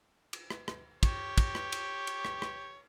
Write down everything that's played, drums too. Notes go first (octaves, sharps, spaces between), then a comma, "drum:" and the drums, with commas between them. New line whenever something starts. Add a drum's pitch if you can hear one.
drum: cymbal
drum: rim click
drum: rim click
G4 C#5, drum: kick, cymbal
drum: kick, cymbal
drum: rim click
drum: cymbal
drum: cymbal
drum: rim click
drum: rim click